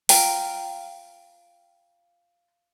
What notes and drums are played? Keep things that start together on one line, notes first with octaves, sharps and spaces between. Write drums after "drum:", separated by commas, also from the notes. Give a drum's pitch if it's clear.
F4 G5 A#5, drum: open hi-hat